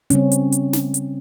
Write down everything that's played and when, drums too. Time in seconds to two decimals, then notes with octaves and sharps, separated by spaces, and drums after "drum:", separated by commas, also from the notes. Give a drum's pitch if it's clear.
0.10 C#3 G3 C4 C#4, drum: hi-hat
0.32 drum: hi-hat
0.52 drum: hi-hat
0.73 drum: snare
0.94 drum: hi-hat